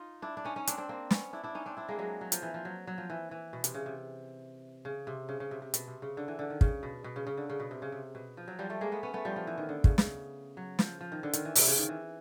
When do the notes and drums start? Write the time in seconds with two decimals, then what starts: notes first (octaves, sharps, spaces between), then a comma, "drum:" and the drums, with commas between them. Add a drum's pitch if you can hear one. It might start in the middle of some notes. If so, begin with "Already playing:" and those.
Already playing: D#4 F4
0.22 D4 E4
0.37 D4
0.45 C#4 D#4
0.56 C#4 D#4
0.67 C4 D4, drum: hi-hat
0.78 C4 D4
0.89 A#3 C4
1.11 B3 C#4, drum: snare
1.33 D4 E4
1.43 D4 E4
1.55 C#4 D#4
1.66 C4 D4
1.77 D4 E4
1.88 G#3 A#3
1.99 F#3 G#3
2.21 F#3
2.32 F3, drum: hi-hat
2.42 E3
2.54 F3
2.65 F#3
2.87 F#3
2.98 F3
3.10 E3
3.31 E3
3.53 B2
3.64 C3, drum: hi-hat
3.74 C#3
3.86 C3
4.85 C#3
5.07 C3
5.29 C#3
5.40 C#3
5.51 C3
5.62 C3
5.74 B2, drum: hi-hat
5.88 C3
6.02 C#3
6.17 D3
6.28 E3
6.39 D3
6.50 D#3
6.61 C#3, drum: kick
6.83 B2
7.04 B2
7.16 C#3
7.27 C#3
7.37 D3
7.50 C#3
7.60 B2
7.71 C3
7.82 C#3
7.92 C3
8.15 B2
8.37 F3
8.48 F#3
8.59 F3 G3
8.70 G3 A3
8.81 G#3 A#3
8.92 A3 B3
9.03 B3 C#4
9.14 A3 B3
9.25 F3 G3
9.36 F3
9.47 E3
9.58 D#3
9.69 D3
9.84 C#3, drum: kick
9.98 C#3, drum: snare
10.57 F#3
10.79 F3, drum: snare
11.01 F3
11.12 D#3
11.23 D3
11.33 D#3, drum: hi-hat
11.45 E3
11.55 C3, drum: open hi-hat
11.67 C#3
11.78 D#3
11.89 E3